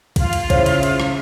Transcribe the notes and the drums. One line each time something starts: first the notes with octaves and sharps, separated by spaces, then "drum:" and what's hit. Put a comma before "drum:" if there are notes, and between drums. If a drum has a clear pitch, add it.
F4 F5, drum: kick B1, cymbal
drum: cymbal
C#3 E4 C5 C#5, drum: kick B1, cymbal
drum: cymbal
drum: cymbal
drum: rim click